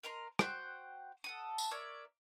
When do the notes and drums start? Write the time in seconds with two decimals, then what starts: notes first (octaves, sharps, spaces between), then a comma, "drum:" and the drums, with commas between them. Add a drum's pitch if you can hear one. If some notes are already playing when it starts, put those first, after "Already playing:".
0.03 A#4 D#5 A#5 C6
0.39 F#4 C5 F#5 G5, drum: rim click
1.24 A4 F#5 D#6
1.58 drum: tambourine
1.71 A#4 C#5 D5 E5